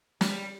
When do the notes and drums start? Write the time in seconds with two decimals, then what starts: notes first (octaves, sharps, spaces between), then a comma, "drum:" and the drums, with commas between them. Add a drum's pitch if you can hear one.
0.21 G3, drum: snare